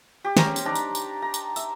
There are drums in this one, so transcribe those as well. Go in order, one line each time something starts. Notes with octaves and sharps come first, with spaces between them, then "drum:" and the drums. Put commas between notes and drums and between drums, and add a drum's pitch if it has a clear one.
G4
C#4 A#5 C6, drum: snare
drum: tambourine
D4 D#4 D5 A#5
drum: tambourine
drum: tambourine
A#5
drum: tambourine
E5, drum: tambourine